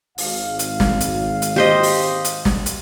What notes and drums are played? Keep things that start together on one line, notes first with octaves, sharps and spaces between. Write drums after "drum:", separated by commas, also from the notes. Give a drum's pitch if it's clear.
G#1 F5, drum: open hi-hat
drum: hi-hat
drum: snare
drum: hi-hat
drum: hi-hat
G4 C5 D#5
drum: open hi-hat
drum: hi-hat
drum: snare
drum: hi-hat